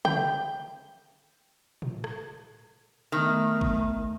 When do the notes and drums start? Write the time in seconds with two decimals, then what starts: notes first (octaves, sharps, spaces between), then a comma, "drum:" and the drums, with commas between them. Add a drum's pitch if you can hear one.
0.05 G5, drum: tom C#3
1.82 drum: tom A2
2.04 drum: rim click
3.12 D#3 A3 B3 E5
3.61 drum: kick G#1